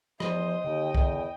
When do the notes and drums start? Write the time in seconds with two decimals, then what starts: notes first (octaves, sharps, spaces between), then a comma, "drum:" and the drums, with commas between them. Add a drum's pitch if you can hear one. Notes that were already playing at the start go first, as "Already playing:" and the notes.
0.20 E2 F3 C5 D#5, drum: rim click
0.64 D#2 D3 G5
0.95 E2, drum: kick